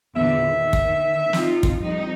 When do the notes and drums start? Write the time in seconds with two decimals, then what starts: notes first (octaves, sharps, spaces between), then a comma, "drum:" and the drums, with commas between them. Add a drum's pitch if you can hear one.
0.16 E2 A#2 D3 E5
0.50 D#3
0.73 drum: kick
1.33 C4 D#4 F4, drum: snare
1.63 drum: kick
1.80 F2 G3 D#4